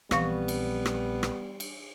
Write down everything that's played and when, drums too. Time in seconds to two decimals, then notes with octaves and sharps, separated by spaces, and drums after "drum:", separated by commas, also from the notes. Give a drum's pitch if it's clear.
0.11 A#1 E3 F3 G3 B3 C4 F5 C#6, drum: rim click
0.48 drum: cymbal
0.85 drum: rim click
1.23 drum: rim click
1.60 drum: cymbal